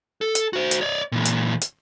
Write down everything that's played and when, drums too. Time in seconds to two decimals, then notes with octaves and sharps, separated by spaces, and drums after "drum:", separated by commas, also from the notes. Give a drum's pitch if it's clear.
0.21 A4
0.35 drum: hi-hat
0.53 F#4 C5
0.71 drum: hi-hat
0.81 C#5 D5
1.12 A#2 E3
1.25 drum: hi-hat
1.61 drum: hi-hat